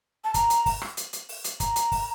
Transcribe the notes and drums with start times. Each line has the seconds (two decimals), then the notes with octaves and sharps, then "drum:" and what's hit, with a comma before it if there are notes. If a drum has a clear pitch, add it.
0.24 A5
0.34 A#5, drum: kick, hi-hat
0.50 drum: hi-hat
0.66 drum: kick, open hi-hat
0.82 drum: rim click
0.97 drum: hi-hat
1.13 drum: hi-hat
1.29 drum: open hi-hat
1.44 drum: hi-hat
1.60 A#5, drum: kick, hi-hat
1.76 drum: hi-hat
1.92 drum: kick, open hi-hat